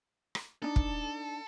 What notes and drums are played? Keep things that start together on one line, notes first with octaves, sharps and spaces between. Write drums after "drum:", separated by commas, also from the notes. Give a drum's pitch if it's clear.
drum: rim click
D4 D#4 A4
drum: kick